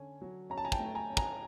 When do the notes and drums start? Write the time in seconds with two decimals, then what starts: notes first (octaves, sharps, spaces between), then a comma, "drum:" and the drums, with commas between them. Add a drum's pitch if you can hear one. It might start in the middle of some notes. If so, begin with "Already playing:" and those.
Already playing: D3 C#4 G#5
0.22 F#3
0.50 C#4 A#5
0.58 A5
0.65 G#5 A#5
0.72 G5 A5, drum: kick
0.79 A3
0.95 G#5 A#5
1.10 C#4
1.17 G#5 A#5, drum: kick